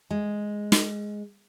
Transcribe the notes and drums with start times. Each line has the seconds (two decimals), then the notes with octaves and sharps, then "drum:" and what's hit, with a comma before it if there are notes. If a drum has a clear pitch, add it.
0.10 G#3
0.72 drum: snare